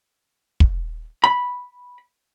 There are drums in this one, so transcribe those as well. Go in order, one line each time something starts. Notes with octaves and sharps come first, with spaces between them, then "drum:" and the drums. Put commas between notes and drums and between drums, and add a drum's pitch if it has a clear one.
drum: kick
B5